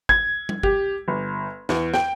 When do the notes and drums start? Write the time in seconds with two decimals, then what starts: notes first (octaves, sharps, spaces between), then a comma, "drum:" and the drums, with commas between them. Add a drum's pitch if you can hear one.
0.09 G#6, drum: kick
0.49 drum: tom G3
0.63 G4, drum: kick
1.08 G1
1.69 E2, drum: snare
1.94 G5, drum: snare